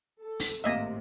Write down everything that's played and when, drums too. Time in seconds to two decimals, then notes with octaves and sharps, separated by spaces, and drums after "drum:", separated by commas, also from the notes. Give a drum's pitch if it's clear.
0.22 A4
0.40 drum: open hi-hat
0.64 G#1 A2 C3 A#3 D#5 E5